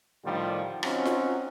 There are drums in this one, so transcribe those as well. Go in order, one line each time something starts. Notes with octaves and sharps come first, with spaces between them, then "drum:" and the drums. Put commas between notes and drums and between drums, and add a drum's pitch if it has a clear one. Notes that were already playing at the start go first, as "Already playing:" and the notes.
A2 D3 D#3 F3 G3
C4 C#4 D#4 F4 F#4, drum: rim click
drum: snare F4